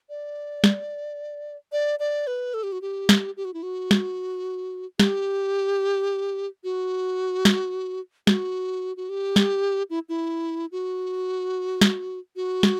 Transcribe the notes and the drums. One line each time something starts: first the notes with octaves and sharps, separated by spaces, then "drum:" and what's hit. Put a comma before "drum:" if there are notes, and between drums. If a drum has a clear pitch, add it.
D5
drum: snare
D5
D5
B4
A4
G4
F#4
G4
drum: snare
G4
F#4
E4
F#4
drum: snare
G4, drum: snare
F#4
drum: snare
F#4, drum: snare
F#4
G4
drum: snare
E4
E4
F#4
drum: snare
F#4
drum: snare